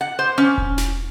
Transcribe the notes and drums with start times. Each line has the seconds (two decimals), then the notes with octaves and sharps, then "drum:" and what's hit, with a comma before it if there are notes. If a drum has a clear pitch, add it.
0.01 F#5
0.19 C5
0.38 C#4
0.58 drum: kick E1
0.78 drum: snare